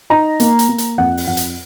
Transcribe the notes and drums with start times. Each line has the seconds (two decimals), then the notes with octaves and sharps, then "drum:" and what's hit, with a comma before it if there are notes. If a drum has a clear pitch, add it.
0.10 D#4 A#5
0.40 A#3, drum: hi-hat
0.59 drum: hi-hat
0.69 A#3
0.78 drum: hi-hat
0.98 F2 F#5
1.17 drum: open hi-hat
1.27 F2 F#5
1.37 drum: hi-hat